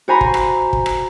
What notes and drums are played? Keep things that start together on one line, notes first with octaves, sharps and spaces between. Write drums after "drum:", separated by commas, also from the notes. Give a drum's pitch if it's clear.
F#4 C5 G#5 A#5 B5
drum: kick
drum: rim click
drum: kick
drum: rim click